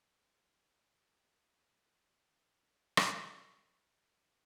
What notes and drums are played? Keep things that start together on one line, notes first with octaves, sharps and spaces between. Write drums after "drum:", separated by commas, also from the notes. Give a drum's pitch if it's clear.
D#2 G3 B3 G4 D5
F#2
C#3
F1 B2
D#1 E2 G#3
drum: rim click
B1 D#3